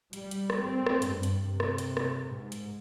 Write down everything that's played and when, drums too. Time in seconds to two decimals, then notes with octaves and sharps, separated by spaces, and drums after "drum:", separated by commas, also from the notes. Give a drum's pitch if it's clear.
0.13 G3, drum: hi-hat
0.31 drum: hi-hat
0.50 drum: rim click
0.62 C4
0.86 drum: rim click
1.02 G2, drum: hi-hat
1.23 drum: hi-hat
1.45 C3
1.60 drum: rim click
1.78 drum: hi-hat
1.97 drum: rim click
2.26 G#2
2.52 drum: hi-hat